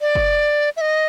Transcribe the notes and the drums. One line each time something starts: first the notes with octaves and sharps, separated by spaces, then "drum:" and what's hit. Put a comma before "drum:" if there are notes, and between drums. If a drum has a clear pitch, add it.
D5
drum: kick F#1
E5
D#5